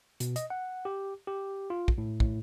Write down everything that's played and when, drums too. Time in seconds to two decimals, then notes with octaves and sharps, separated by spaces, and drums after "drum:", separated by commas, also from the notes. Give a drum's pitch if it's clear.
0.20 B2, drum: hi-hat
0.36 D#5, drum: hi-hat
0.50 F#5
0.85 G4
1.27 G4
1.70 F4
1.88 drum: kick
1.98 A2
2.20 A2, drum: kick